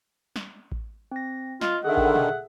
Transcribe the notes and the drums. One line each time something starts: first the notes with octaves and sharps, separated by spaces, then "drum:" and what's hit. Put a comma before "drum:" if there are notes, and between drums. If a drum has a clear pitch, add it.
drum: snare
drum: kick A1
C4 A#6
F4 D#5, drum: snare
D3 D#3 G#4 A4 E5 F#5
drum: kick A1
drum: tom